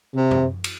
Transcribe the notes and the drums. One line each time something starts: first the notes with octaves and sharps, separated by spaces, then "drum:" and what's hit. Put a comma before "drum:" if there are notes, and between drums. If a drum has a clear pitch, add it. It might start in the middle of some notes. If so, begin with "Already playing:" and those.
C3
drum: tom F#2
drum: cymbal